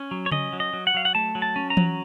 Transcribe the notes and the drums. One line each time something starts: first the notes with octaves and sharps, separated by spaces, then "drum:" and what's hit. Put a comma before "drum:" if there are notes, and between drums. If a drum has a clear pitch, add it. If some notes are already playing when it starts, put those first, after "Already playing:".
Already playing: C#4
F#3
C#5
C#4 D#5, drum: tom C#3
F#3
D#5
F#3
F#5
F#3 F5
F#5
A3 A5
F#3
A5
C#4
A#5
F#3, drum: tom E3